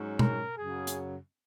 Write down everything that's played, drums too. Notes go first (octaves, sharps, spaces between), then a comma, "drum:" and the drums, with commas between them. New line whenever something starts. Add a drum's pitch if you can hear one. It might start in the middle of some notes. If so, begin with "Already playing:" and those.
Already playing: G#2 F#3 C#4
A#4, drum: tom B2
F#2 C#3 F#3 G#4
drum: hi-hat